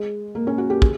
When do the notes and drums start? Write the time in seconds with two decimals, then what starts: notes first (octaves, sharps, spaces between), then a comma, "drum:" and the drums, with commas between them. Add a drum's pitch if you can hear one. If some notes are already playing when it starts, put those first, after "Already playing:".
Already playing: G#3
0.35 A#3
0.47 C#4
0.58 F#4
0.70 G4
0.82 G#4, drum: kick